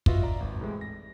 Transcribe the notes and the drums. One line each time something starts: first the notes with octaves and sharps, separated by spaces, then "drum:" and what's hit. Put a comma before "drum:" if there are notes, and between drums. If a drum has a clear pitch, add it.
F4 F#4 B4 D#5 E5, drum: kick
D5 F5 A#5
G#1
A2 C3 E3 G#3
A#6